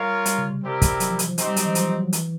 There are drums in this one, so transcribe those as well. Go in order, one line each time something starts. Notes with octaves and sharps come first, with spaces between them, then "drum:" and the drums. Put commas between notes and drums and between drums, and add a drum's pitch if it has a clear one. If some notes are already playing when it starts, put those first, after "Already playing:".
Already playing: G3 F4 A#4 C#5 F5
G3, drum: hi-hat
C#3
C3
G3 C4 E4 G4 A#4
drum: kick, hi-hat
F#3, drum: hi-hat
F3
E3, drum: hi-hat
F3
C4 D#4 G4 C5 D#5, drum: hi-hat
G3
F#3, drum: hi-hat
E3
F3, drum: hi-hat
F3
F#3
E3, drum: hi-hat